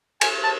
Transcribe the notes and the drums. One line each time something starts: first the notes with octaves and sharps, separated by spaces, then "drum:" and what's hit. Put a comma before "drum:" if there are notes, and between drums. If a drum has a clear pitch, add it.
G#5, drum: cymbal
A5